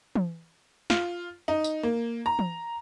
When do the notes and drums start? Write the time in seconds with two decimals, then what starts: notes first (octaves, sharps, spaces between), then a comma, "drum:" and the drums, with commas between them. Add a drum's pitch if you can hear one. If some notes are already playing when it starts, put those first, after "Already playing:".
0.15 drum: tom E3
0.90 F4, drum: snare
1.48 D#4
1.64 drum: tambourine
1.83 A#3
2.26 A#5
2.39 drum: tom E3